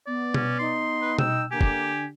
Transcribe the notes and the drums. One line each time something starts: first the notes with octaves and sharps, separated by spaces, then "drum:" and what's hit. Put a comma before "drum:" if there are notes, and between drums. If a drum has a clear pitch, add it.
B3 D5
C#4, drum: tom B2
D#4 C6
B4
G5 E6, drum: tom B2
D3 A#3 G4 G#5
drum: kick